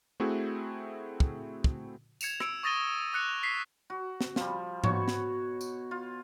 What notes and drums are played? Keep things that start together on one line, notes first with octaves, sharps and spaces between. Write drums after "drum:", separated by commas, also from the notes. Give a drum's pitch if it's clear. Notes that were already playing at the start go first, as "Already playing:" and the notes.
A3 C4 E4 F#4 G#4
drum: kick
drum: kick
G#6 C#7 E7 F7, drum: tambourine
E6 C#7 D7, drum: rim click
C#6 D#6 A6 A#6 D#7 G7
D6 F#6 C#7 F7
B6 C7
F#4
drum: snare
F3 G3, drum: snare
B2 F#4 C#5 C#6, drum: tom G#2
drum: snare
drum: tambourine
F4